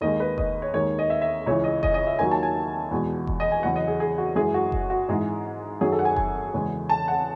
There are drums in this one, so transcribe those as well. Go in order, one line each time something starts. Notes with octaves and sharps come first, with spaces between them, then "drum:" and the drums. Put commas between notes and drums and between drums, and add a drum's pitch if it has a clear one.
D#2 D#3 G#3 D#5
B4
D#5, drum: kick F1
C#5
D#2 D#3 G#3 C#5
D#5
E5
E5
C#2 C#3 E3 C#5
D#5
D#5, drum: kick F1
D#5
E5
D#2 D#3 F#3 G#5
A5
G#5
E2 B2 G#3
drum: kick F1
D#5
G#5
E2 C#3 F#3 F#5
D#5
G#4
G#4
F#4
F#2 E3 G#3 G#4
F#4
drum: kick F1
F#4
G#2 E3 G#3 G#4
F#2 D#3 F#3 G#4
A4
F#5
G#5
G#5, drum: kick F1
E2 C#3 G#3
A5
F#5